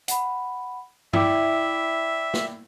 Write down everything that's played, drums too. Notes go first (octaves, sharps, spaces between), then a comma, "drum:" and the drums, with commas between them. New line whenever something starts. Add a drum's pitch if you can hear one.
F#5 B5, drum: hi-hat
E4 D5 E5 G5 D6, drum: tom G2
drum: snare